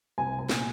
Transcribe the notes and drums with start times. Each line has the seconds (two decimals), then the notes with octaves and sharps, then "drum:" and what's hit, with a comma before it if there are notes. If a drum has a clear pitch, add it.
0.18 C2 G#5
0.39 G#5
0.49 A#2, drum: snare